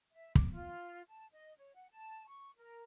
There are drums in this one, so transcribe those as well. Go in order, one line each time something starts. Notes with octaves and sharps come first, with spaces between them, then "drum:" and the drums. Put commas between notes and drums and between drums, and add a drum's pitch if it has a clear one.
E5
D6, drum: kick
F4
A5
D#5
C#5
F#5
A5
C#6
A#4